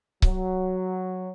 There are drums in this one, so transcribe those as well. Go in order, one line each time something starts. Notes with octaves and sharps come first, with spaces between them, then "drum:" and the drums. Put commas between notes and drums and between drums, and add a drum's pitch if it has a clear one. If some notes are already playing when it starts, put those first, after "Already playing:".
F#3, drum: kick C#1